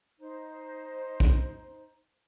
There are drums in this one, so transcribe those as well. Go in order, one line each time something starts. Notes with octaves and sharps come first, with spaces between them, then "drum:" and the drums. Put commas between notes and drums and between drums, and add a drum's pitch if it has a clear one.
D#4 C5
drum: kick B1